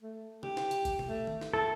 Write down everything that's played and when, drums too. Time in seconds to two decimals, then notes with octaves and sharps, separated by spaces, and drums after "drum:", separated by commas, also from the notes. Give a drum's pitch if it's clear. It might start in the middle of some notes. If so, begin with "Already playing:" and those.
0.02 A3
0.43 G4, drum: tom C3
0.57 drum: snare
0.71 drum: hi-hat
0.85 drum: kick F#1, hi-hat
0.99 drum: tom B2
1.09 A3
1.27 drum: tom D#3
1.41 drum: snare
1.53 E4 A4